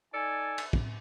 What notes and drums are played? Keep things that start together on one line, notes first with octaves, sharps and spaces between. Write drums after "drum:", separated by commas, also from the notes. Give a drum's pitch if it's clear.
D#4 A4 D5 G#5
drum: cymbal
drum: kick